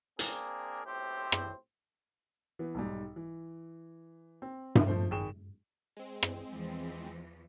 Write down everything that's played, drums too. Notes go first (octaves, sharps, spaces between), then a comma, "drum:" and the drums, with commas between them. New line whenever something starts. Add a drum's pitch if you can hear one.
A#3 C4 D4 G#4 A#4, drum: hi-hat
B1 A2 C4 G4 C5
drum: rim click
E3 B3
B1 G#2 G3
E3
C4
drum: tom G2
F3 A3 C5
G#1 G#4 G5 C#6 E7
G#3 C4
drum: rim click
E2 E3 F3